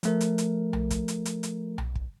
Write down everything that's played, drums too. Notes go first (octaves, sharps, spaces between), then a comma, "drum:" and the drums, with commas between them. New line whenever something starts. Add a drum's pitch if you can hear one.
F3 A3 A#4, drum: hi-hat
drum: hi-hat
drum: hi-hat
drum: tom B1
drum: kick, hi-hat
drum: hi-hat
drum: hi-hat
drum: hi-hat
drum: tom B1
drum: kick